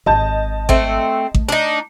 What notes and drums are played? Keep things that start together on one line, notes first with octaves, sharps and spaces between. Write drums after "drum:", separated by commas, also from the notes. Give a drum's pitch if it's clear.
G#1 D#5 A5 G6
A3 C4, drum: kick A1
A3, drum: kick A1
D4 D#4